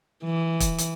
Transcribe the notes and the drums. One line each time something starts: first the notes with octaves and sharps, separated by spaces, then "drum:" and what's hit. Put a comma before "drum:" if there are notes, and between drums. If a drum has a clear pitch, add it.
E3
drum: kick, hi-hat
drum: hi-hat